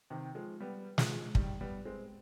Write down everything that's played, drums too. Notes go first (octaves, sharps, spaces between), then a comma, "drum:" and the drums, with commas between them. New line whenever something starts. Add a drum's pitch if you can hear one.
C3 D#3
F3 G#3
G3 B3
F3 G#3, drum: snare
D#3 G3, drum: kick
G3 B3
G#3 C4